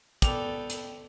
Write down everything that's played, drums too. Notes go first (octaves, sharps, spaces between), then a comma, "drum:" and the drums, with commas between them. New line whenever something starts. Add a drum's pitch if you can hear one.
B3 A4 D5 G5 F7, drum: kick, hi-hat
drum: hi-hat